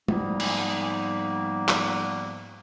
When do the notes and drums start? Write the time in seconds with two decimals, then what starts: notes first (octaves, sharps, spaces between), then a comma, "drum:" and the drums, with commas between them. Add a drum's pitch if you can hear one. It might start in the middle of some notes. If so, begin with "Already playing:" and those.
0.08 G#2 F3 G3 A#3 B3 D#4, drum: tom G#3
0.40 drum: cymbal
1.69 drum: clap